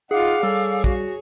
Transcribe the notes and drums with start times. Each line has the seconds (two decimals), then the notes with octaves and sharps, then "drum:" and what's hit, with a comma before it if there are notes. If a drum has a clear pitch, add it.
0.11 D#4 F4 G#4 F5 F#5 D6
0.43 G3 G#4 A4 C#5
0.84 F#4, drum: kick